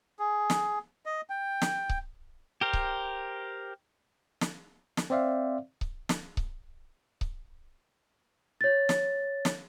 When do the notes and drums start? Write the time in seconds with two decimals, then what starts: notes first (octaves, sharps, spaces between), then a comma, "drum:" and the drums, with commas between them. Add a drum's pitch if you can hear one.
0.19 G#4
0.50 drum: snare
1.06 D#5
1.30 G5
1.61 drum: snare
1.89 drum: kick C#1
2.61 G4 A#4 C5
2.73 drum: kick C#1
4.41 drum: snare
4.97 drum: snare
5.10 C4 C5 D5 E5 F5
5.81 drum: kick C#1
6.09 drum: snare
6.37 drum: kick C#1
7.21 drum: kick C#1
8.61 C#5 A6
8.89 drum: snare
9.45 drum: snare